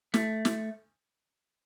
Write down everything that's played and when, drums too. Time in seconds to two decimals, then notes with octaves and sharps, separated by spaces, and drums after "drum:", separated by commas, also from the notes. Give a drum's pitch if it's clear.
0.14 A3, drum: snare
0.45 drum: snare